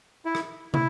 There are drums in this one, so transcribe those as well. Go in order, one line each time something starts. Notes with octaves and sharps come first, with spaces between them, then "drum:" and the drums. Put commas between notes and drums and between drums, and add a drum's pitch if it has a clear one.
E4
drum: rim click
E4, drum: tom